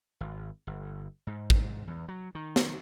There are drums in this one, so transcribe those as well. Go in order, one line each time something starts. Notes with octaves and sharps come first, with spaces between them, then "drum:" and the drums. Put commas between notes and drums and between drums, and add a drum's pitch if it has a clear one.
G#1
G1
G#2
drum: kick
E2
F#3
D#3
drum: snare